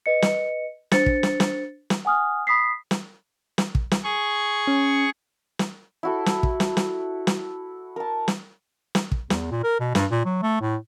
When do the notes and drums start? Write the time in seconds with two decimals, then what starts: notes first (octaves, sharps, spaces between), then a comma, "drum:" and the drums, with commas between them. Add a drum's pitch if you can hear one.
0.06 B4 D#5 C#7
0.22 drum: snare
0.92 D4 C5 A6 C#7, drum: snare
1.06 drum: kick
1.23 drum: snare
1.40 drum: snare
1.90 drum: snare
2.05 F#5 G#5 D#6 F6
2.47 B5 D#6 B6 C7
2.91 drum: snare
3.58 drum: snare
3.75 drum: kick
3.91 drum: snare
4.04 G#4 C#6
4.67 C#4
5.59 drum: snare
6.03 E4 F#4 A4
6.26 drum: snare
6.43 drum: kick
6.60 drum: snare
6.77 drum: snare
7.27 drum: snare
7.96 A#4 A5
8.28 drum: snare
8.95 drum: snare
9.12 drum: kick
9.30 E2, drum: snare
9.51 A#2
9.64 A#4
9.80 B2
9.95 G2, drum: snare
10.11 A#2
10.25 F#3
10.43 A3
10.61 A2